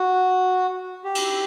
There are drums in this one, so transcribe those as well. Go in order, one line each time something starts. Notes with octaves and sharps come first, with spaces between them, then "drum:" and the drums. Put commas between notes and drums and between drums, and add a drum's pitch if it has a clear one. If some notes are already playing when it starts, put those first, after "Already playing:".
Already playing: F#4
G4
drum: cymbal